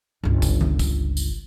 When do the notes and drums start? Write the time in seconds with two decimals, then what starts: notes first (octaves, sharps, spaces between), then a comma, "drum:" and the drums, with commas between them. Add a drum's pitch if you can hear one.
0.24 G1 C#2
0.42 drum: kick, tambourine
0.61 drum: tom D#3
0.79 drum: kick, tambourine
1.17 drum: tambourine